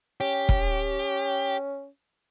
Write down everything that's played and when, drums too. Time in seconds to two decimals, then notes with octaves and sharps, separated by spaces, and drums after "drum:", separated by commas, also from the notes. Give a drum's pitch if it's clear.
0.20 C#4 G4
0.49 drum: kick E1